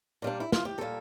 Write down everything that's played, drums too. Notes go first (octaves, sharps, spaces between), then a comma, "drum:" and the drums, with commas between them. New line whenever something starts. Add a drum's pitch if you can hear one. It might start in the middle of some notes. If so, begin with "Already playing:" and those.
A#2 G3 A#3 D4
E4
F4, drum: snare
G4
A#2 G3 A#3 A4